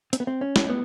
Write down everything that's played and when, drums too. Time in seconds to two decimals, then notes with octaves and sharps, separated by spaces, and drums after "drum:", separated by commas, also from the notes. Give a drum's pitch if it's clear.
0.13 C4, drum: hi-hat
0.20 B3
0.27 C4
0.41 C#4
0.56 drum: snare
0.70 B3